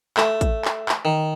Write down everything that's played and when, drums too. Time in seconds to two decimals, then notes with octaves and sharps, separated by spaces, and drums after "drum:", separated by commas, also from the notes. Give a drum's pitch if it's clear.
0.17 A3, drum: clap
0.41 drum: kick, hi-hat
0.65 drum: clap
0.89 drum: clap
1.05 D#3